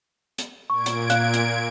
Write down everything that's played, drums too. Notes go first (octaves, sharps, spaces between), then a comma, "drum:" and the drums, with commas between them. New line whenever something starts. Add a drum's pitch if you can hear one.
drum: hi-hat
A#2 C#6 G#6 D7
drum: hi-hat
F5 F#6, drum: hi-hat
drum: hi-hat